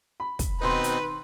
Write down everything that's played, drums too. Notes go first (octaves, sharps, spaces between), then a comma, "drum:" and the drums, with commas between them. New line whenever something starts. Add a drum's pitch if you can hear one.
B5
drum: kick, hi-hat
B2 D#3 C4 D#4 B4 C6
drum: hi-hat